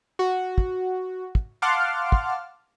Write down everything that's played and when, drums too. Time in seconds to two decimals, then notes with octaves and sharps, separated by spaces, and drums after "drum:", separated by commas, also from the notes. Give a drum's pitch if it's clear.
0.19 F#4
0.58 drum: kick
1.35 drum: kick
1.62 F5 F#5 A5 C6 D6 F6
2.12 drum: kick